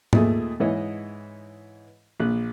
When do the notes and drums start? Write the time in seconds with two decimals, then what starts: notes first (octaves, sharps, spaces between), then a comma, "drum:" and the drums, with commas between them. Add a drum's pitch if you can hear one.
0.13 D#2 A#2 A3 G#4, drum: tom G#2
0.60 G#2 E3 C#5 D#5
2.20 A#1 F#6